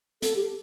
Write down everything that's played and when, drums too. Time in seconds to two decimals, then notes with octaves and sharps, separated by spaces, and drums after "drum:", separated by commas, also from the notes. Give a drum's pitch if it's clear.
0.22 A4, drum: hi-hat
0.36 G4